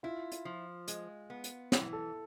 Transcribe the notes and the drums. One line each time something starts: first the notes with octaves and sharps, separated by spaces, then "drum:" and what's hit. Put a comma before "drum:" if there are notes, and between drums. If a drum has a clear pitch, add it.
E4 F4
drum: hi-hat
F3
G#3, drum: hi-hat
B3
drum: hi-hat
E3 E4, drum: snare
A4